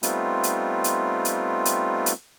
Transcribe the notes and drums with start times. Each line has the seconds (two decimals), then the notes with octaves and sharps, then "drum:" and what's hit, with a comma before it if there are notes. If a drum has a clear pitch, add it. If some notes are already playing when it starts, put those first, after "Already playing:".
0.03 G3 A3 B3 C4 D#4 F4, drum: hi-hat
0.43 drum: hi-hat
0.84 drum: hi-hat
1.25 drum: hi-hat
1.65 drum: hi-hat
2.06 drum: hi-hat